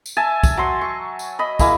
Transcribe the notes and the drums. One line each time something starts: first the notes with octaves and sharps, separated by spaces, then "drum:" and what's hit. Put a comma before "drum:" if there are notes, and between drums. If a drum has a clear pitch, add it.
drum: tambourine
E5 G#5 A5
drum: kick, tambourine
F#3 C6
C#6
drum: tambourine
D#5 B5
G#3 A#3 E4, drum: kick, tambourine